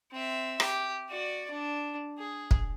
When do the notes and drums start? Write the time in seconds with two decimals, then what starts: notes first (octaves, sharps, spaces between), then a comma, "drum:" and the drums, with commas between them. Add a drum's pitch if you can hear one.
0.11 C4 E5
0.60 G4, drum: rim click
1.09 F#4 D5
1.50 D4
2.18 G#4
2.51 drum: kick